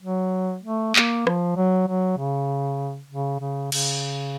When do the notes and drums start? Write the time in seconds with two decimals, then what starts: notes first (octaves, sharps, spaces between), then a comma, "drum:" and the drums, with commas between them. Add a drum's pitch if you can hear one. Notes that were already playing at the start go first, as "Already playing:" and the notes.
0.03 F#3
0.64 A3
0.96 A#3, drum: clap
1.27 F3, drum: rim click
1.57 F#3
1.88 F#3
2.18 C#3
3.11 C#3
3.41 C#3
3.72 C#3, drum: cymbal